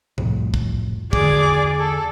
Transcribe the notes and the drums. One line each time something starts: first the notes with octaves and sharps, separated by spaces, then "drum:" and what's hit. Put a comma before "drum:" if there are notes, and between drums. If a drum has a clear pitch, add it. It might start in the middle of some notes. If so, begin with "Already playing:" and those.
C2 F2 A2, drum: tom A#2
drum: kick
E2 D3 G#4 D5 D6, drum: kick
A4